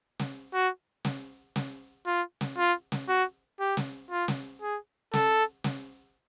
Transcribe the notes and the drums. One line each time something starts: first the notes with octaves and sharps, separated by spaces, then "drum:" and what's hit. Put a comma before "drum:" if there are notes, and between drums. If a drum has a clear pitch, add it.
drum: snare
F#4
drum: snare
drum: snare
F4
drum: snare
F4
drum: snare
F#4
G4
drum: snare
F4
drum: snare
G#4
A4, drum: snare
drum: snare